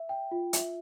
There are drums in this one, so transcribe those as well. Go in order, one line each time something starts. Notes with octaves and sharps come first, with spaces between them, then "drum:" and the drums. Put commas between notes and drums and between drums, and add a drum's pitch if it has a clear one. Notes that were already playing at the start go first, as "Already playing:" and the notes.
Already playing: E5
G5
F4
E5, drum: hi-hat